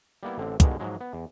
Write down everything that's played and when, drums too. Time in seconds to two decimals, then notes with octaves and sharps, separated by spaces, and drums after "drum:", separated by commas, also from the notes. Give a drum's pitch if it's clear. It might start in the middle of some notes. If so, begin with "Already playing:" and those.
0.23 G3 A#3 B3 E4
0.38 A1 D3 C4
0.60 G2 B2 D3 D#3 G#3, drum: kick, hi-hat
0.79 G#2 F3 F#3 G#3
1.01 B3
1.13 E2